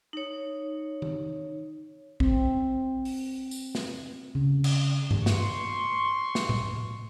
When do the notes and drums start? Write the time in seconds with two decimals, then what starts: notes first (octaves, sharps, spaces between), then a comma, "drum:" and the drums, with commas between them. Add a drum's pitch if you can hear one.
0.13 D#4 C#5
1.02 drum: tom D#3
2.20 C4, drum: kick A#1
3.05 drum: open hi-hat
3.51 drum: tambourine
3.75 drum: snare
4.35 C#3
4.64 drum: cymbal
5.11 drum: tom G2
5.26 C6 C#6, drum: snare
6.35 drum: snare
6.49 drum: tom A2